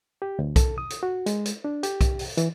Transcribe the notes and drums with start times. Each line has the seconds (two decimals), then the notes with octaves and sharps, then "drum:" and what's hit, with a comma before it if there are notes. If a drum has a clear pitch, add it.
0.22 G4
0.39 D2
0.56 A4, drum: kick B1, hi-hat
0.78 D#6
0.90 drum: hi-hat
1.03 F#4
1.26 G#3, drum: hi-hat
1.45 drum: hi-hat
1.64 D4
1.83 G4, drum: hi-hat
2.01 drum: kick B1, hi-hat
2.19 drum: open hi-hat
2.37 E3, drum: hi-hat